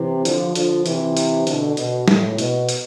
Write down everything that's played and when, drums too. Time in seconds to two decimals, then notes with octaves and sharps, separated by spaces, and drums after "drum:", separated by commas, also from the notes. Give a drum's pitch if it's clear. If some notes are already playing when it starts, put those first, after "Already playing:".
Already playing: C3 E3
0.25 D3 F3, drum: hi-hat
0.55 D3 F3, drum: hi-hat
0.86 C3 E3, drum: hi-hat
1.17 drum: hi-hat
1.47 B2 D3, drum: hi-hat
1.77 B2, drum: hi-hat
2.08 A2, drum: snare
2.38 B2, drum: hi-hat
2.69 drum: hi-hat